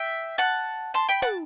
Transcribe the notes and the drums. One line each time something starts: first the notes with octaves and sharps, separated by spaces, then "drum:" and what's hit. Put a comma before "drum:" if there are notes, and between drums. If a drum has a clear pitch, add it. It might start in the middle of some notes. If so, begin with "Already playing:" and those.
Already playing: E5 G5
F#5 A5
A5 C6
G5 B5
F#5 A5, drum: tom